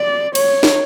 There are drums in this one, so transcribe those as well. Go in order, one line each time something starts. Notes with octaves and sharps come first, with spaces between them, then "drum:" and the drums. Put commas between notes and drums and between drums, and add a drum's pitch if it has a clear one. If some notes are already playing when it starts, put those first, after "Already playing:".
Already playing: D5
C#5, drum: cymbal
drum: snare